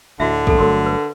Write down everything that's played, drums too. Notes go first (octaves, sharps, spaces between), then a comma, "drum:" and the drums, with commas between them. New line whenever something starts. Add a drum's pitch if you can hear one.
D2 A2 D3 F#4 D#5 E5
A#1 E2 A2 A4 A5, drum: kick
G1 F#3 A3 A#4 C6
B4